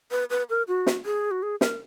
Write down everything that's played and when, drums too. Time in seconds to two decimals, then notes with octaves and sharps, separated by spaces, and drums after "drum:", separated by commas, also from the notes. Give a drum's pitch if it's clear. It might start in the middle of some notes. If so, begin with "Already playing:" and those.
0.11 B4
0.30 B4
0.50 A#4
0.68 F#4
0.87 drum: snare
1.05 G#4
1.31 F#4
1.43 G#4
1.61 A#4, drum: snare